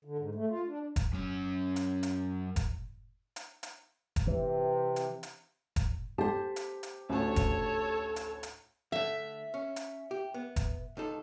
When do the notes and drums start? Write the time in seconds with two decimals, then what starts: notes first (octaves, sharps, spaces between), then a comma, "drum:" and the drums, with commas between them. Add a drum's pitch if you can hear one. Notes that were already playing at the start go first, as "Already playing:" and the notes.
0.05 D3
0.19 G#2
0.35 A3
0.49 F4
0.68 D4
0.96 drum: kick, hi-hat
1.13 F#2 C#4
1.76 drum: hi-hat
2.03 drum: hi-hat
2.56 drum: kick, hi-hat
3.36 drum: hi-hat
3.63 drum: hi-hat
4.16 drum: kick, hi-hat
4.27 C3 E3
4.96 drum: hi-hat
5.23 drum: hi-hat
5.76 drum: kick, hi-hat
6.18 G4 C5 A5
6.56 drum: hi-hat
6.83 drum: hi-hat
7.10 A1 D2 A4 C#5
7.36 drum: kick, hi-hat
8.16 drum: hi-hat
8.43 drum: hi-hat
8.92 D3 A3 E5
9.54 C#4
9.76 drum: hi-hat
10.11 G4
10.34 B3
10.56 drum: kick, hi-hat
10.97 C#2 D#4 A4